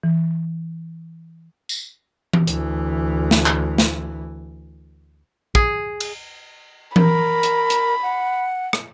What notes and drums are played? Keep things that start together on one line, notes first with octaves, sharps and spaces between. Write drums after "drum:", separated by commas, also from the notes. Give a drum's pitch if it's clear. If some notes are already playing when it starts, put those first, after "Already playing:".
E3
drum: tambourine
drum: tom E3
D2 E3, drum: hi-hat
drum: snare
drum: clap
drum: snare
G#4, drum: kick
drum: cymbal
A#4 B5, drum: tom E3
drum: hi-hat
drum: hi-hat
F#5
drum: rim click